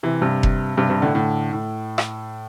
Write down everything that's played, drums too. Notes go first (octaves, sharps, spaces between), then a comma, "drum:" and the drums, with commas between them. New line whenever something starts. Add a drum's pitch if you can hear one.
C3 E3
G2 C3
drum: kick F1
G2 C3
G2 C3
A2 D3
A2 D3
A2
drum: rim click